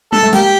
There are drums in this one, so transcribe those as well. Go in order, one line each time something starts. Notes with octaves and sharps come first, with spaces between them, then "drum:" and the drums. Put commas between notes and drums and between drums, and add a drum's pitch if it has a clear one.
A4, drum: tom G3
A3
G#3 A#3 G4, drum: hi-hat